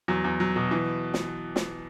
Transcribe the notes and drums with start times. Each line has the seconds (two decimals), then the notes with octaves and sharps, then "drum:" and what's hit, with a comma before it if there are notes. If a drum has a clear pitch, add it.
0.08 E2 F#3
0.24 E2
0.40 F#3
0.56 B2
0.71 E3
1.14 drum: snare
1.56 drum: snare